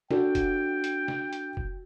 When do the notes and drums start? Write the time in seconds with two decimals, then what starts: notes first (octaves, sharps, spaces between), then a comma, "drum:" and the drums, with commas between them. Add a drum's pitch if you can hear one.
0.11 D4 F#4 A4 G5, drum: snare
0.35 drum: kick, hi-hat
0.84 drum: hi-hat
1.08 drum: snare
1.33 drum: hi-hat
1.57 drum: kick